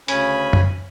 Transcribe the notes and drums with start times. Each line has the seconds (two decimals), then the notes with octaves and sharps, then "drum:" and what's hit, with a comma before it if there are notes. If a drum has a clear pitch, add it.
0.08 D2 C#3 C#4 G#5 B5, drum: hi-hat
0.53 drum: tom F#2